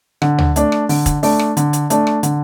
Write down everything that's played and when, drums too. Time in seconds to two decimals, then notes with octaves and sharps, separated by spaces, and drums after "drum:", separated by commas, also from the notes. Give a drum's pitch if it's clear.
0.22 D3, drum: rim click
0.38 drum: tom
0.56 A3 D4, drum: hi-hat
0.72 drum: rim click
0.89 D3, drum: open hi-hat
1.06 drum: kick, hi-hat
1.23 A3 D4, drum: open hi-hat
1.39 drum: rim click
1.57 D3, drum: hi-hat
1.73 drum: hi-hat
1.90 A3 D4, drum: hi-hat
2.07 drum: rim click
2.23 D3, drum: hi-hat